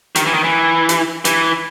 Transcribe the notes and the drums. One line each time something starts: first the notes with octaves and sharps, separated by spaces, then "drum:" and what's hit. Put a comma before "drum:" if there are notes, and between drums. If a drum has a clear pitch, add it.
D#3, drum: hi-hat
E3
D#3
E3
drum: hi-hat
E3, drum: hi-hat